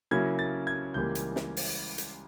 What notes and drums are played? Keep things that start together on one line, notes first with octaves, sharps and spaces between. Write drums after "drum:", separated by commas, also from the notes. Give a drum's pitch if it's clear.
C#3 F#3 A#3 C#4 E4 G#6
A6
G#6
C#2 C#3 E3 G3 A#3 G6
drum: hi-hat
drum: snare
drum: open hi-hat
drum: hi-hat